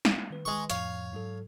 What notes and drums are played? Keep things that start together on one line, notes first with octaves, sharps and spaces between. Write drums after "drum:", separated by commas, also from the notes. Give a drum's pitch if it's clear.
F5, drum: snare
D#3 B4
G#3 C#6
F2 A2 F3 C#5 F5, drum: hi-hat
G#2 F#3 A4